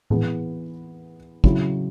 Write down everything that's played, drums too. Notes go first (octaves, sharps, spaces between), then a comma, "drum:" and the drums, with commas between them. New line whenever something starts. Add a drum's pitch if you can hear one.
E3 B3 G#4 B4, drum: tom A2
C#3 F#3 E4, drum: kick